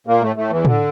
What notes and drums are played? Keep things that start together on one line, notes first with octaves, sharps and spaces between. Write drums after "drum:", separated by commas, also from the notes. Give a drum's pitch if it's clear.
A#2 A#3
A2 A3
A2 A3
E2 E3
D3, drum: tom